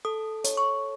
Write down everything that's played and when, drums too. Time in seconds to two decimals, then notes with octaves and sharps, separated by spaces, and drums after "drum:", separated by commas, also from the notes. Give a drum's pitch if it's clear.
0.05 A4 D#6
0.44 C#5, drum: hi-hat
0.57 C#6